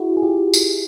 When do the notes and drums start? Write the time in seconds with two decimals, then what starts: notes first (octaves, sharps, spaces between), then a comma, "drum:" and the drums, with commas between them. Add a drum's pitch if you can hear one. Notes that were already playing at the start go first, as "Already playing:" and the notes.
Already playing: E4 F#4 G#4
0.17 G#4
0.23 F4 G4
0.54 drum: tambourine